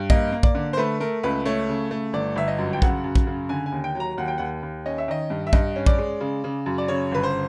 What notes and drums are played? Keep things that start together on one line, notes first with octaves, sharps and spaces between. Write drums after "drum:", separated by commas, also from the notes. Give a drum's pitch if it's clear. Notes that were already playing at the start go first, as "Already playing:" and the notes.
Already playing: G2
A#3 D#5, drum: kick A#1
A#3
D5, drum: kick A#1
D3
C5
A3 B4
A3 A#4
C#2 B4
A3 C#5
C#3
A3
G1 D5
G1 E5
D#5
F#2
G5
C#3 F#5, drum: kick A#1
F#2
drum: kick A#1
C#3
D3 G#5
G#5
D#2
G5
F#3 A#5
D#2 F#5
G5
D#2 F#5
D#2
C#4 D#5
E5
D#3 D#5
G2
E5
G2 D#5, drum: kick A#1
C#4
D5, drum: kick A#1
G#3
C#3
C#3
F#2
D5
C#3 C#5
G1 B4
C5